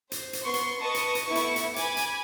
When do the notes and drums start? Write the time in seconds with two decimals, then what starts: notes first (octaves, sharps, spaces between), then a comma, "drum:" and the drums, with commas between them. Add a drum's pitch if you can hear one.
0.12 C5, drum: hi-hat
0.33 drum: hi-hat
0.43 B3 C6 C#6
0.54 drum: hi-hat
0.81 B4 D#5 A5 C#6 D#6
0.95 drum: hi-hat
1.15 drum: hi-hat
1.25 A3 B3 E4 C#6
1.35 drum: hi-hat
1.56 drum: hi-hat
1.76 G#5 B5 D6 G#6, drum: hi-hat
1.97 drum: hi-hat